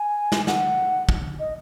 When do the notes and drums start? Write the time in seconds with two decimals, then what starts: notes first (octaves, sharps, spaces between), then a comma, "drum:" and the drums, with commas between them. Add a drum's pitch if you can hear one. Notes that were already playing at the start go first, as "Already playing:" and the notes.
Already playing: G#5
0.32 drum: snare
0.47 F#5, drum: snare
1.09 drum: kick
1.39 D#5